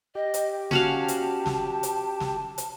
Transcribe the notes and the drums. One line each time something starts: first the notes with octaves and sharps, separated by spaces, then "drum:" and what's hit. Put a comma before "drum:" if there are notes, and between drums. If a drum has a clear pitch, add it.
G4 D#5
drum: hi-hat
C#4 F#4 F5 A5, drum: snare
drum: hi-hat
drum: snare
drum: hi-hat
drum: snare
drum: hi-hat